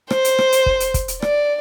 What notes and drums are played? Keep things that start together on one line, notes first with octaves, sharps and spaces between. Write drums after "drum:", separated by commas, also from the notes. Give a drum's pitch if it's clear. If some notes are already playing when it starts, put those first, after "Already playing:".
C5, drum: rim click
drum: hi-hat
drum: rim click
drum: hi-hat
drum: kick
drum: hi-hat
drum: kick, hi-hat
drum: hi-hat
D5, drum: rim click